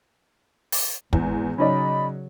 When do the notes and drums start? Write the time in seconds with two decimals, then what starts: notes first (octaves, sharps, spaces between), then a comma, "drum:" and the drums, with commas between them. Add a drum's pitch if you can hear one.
0.72 drum: open hi-hat
1.13 G#1 E2 G#2, drum: kick
1.58 C#3 F#3 C#4 D#4 D5 B5